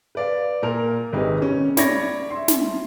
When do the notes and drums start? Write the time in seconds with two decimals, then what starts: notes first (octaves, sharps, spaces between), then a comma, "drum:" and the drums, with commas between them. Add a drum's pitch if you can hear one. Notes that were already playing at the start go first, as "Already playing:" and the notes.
0.15 B4 D5 F5
0.62 A#2 A#4 F7
1.13 G#1 C3 D#4 G#4 B4
1.42 C#4
1.77 C#5 D5 B5 G#6 A#6, drum: snare
2.31 E5 C6
2.48 drum: snare